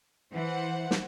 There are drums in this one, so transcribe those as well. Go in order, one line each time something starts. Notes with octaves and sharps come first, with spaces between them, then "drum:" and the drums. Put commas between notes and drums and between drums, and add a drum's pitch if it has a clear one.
E3 C5 F#5
drum: snare